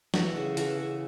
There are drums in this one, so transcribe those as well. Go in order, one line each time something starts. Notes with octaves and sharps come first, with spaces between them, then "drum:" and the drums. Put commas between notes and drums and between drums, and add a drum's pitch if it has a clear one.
E3 F#4 A4, drum: snare
C#3
E3 F#4 A4, drum: hi-hat
C#3